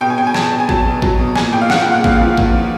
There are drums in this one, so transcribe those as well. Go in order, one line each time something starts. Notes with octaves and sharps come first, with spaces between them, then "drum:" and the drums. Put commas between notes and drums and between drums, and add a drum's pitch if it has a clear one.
B2 G5
G#5
B2 G5
G#5
B2 A5, drum: snare
B2
G#5
F#3 A5, drum: kick A1
B2
F#3, drum: kick A1
B2
A#2 G#5, drum: snare
A#2 G5
F5
A#2 F#5, drum: snare
G5
A#2
F#5
A#2 F5, drum: kick A1
F3
A#2, drum: kick A1
F3